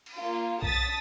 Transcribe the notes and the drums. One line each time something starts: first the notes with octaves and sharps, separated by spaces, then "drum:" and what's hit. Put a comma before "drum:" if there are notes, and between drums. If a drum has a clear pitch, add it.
drum: cymbal
A#3 F4
A5 D#6 A6 B6, drum: kick B1